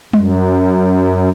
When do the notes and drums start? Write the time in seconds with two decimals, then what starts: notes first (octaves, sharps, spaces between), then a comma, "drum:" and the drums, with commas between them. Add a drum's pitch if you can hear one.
0.13 F#2, drum: tom G3